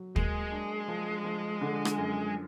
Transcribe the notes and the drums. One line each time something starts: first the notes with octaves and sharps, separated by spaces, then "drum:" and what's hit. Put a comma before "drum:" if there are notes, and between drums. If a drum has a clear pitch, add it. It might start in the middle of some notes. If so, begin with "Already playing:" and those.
Already playing: F#3
G#3 A#3, drum: kick
D4
F3
F3
D3
drum: rim click
F#2